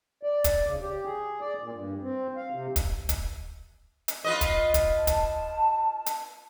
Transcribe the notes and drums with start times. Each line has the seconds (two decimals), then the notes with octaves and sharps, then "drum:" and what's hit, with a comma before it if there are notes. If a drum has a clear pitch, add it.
0.23 D5
0.44 drum: kick, hi-hat
0.66 C#3
0.81 G4
1.05 G#4
1.41 D5
1.60 A#2
1.73 G2
2.01 C4
2.36 F5
2.52 C3
2.76 drum: kick, hi-hat
3.09 drum: kick, hi-hat
4.08 drum: hi-hat
4.24 F4 B4 D#5
4.41 drum: kick, hi-hat
4.74 drum: kick, hi-hat
4.96 A5
5.07 drum: kick, hi-hat
6.06 drum: hi-hat